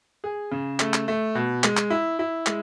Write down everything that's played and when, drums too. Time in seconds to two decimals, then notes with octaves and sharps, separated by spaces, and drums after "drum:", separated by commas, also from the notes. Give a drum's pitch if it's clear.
0.24 G#4
0.51 C#3
0.80 A3, drum: clap
0.94 drum: clap
1.08 A3
1.35 B2
1.64 G#3, drum: clap
1.77 drum: clap
1.90 E4
2.19 E4
2.46 G#3, drum: clap